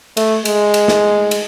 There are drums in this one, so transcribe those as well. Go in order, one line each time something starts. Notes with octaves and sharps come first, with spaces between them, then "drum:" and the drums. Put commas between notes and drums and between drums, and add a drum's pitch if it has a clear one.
A3, drum: cymbal
G#3, drum: cymbal
drum: cymbal
drum: snare
drum: cymbal